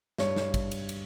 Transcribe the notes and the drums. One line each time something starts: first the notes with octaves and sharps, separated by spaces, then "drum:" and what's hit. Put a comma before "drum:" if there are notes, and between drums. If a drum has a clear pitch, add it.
G2 C#5, drum: snare
drum: snare
drum: kick G#1, cymbal
drum: cymbal
drum: cymbal